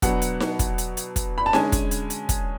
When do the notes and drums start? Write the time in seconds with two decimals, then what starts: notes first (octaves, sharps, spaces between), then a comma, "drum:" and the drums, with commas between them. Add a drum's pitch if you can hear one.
0.02 B2 F#3 B3 D4 F#5, drum: kick, hi-hat
0.22 drum: hi-hat
0.40 drum: snare D#4
0.59 drum: kick, hi-hat
0.78 drum: hi-hat
0.97 drum: hi-hat
1.16 drum: kick, hi-hat
1.38 B5
1.46 A5
1.53 D3 G#3 C#4 G#5, drum: snare D#4
1.72 drum: kick, hi-hat
1.91 drum: hi-hat
2.10 drum: hi-hat
2.29 drum: kick, hi-hat